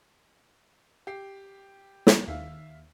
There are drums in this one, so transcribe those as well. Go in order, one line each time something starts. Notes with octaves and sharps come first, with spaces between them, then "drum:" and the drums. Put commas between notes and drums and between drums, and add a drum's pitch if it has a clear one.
G4 C7
drum: snare
D#2 E5 F5